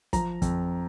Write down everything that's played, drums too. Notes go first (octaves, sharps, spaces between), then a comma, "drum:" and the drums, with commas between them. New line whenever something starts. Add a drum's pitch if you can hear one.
F3 A#5, drum: kick, hi-hat
F2, drum: kick, hi-hat